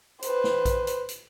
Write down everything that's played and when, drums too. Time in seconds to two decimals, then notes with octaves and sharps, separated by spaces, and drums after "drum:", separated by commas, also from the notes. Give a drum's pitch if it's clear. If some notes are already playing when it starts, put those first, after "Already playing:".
0.22 B4 C5, drum: hi-hat
0.44 drum: snare
0.65 drum: kick A#1, hi-hat
0.87 drum: hi-hat
1.09 drum: hi-hat